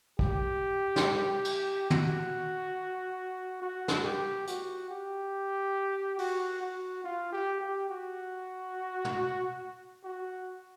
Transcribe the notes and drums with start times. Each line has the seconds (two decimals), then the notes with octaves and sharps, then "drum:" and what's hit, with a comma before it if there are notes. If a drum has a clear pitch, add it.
0.19 G4, drum: kick
0.96 drum: snare
1.45 drum: cymbal
1.90 F#4, drum: tom
3.62 F#4
3.88 drum: snare
4.04 G4
4.47 F#4, drum: hi-hat
4.90 G4
6.18 F#4, drum: open hi-hat
6.61 F#4
7.04 F4
7.32 G4
7.61 G4
7.89 F#4
9.05 drum: tom
10.04 F#4